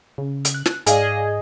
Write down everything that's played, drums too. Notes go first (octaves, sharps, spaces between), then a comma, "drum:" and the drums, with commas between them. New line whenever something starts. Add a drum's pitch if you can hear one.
C#3
drum: hi-hat
F#6
drum: snare
G#2 G#4 D5 D#5 F5 G#5, drum: hi-hat